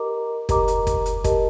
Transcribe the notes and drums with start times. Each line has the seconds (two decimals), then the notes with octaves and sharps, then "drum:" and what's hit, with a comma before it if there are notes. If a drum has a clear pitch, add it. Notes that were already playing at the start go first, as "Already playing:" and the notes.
Already playing: G4 A#4 D#5 A#5 D6
0.49 G4 A#4 D#5 A#5 D6, drum: kick, hi-hat
0.68 drum: hi-hat
0.87 drum: kick, hi-hat
1.06 drum: hi-hat
1.24 G4 A#4 D#5 A5, drum: kick, hi-hat